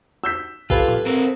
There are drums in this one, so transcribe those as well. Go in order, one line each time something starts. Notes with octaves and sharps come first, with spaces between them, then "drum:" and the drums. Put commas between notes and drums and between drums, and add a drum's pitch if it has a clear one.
E6 G6 B6
F4 G4 A4 B4 G#5, drum: kick
drum: tom A2
C4 A#4